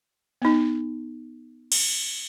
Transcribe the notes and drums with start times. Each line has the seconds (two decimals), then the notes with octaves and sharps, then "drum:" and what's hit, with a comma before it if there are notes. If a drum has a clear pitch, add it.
0.42 B3 D#4
1.72 drum: cymbal